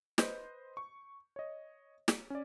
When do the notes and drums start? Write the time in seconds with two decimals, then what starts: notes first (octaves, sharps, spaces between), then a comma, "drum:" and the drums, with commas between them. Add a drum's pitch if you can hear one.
0.18 B4 C5 D#5 G6, drum: snare
0.77 C#6
1.36 C#5 D#5
2.08 drum: snare
2.30 C#4 D5